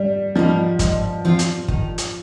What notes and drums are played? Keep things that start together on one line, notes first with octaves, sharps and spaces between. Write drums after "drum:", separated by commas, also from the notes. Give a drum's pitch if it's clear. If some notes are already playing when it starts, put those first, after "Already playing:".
Already playing: G3
F3 G3 A#3 D#4
G#2, drum: kick, hi-hat
F3 C4 F4
drum: hi-hat
D#3, drum: kick
drum: hi-hat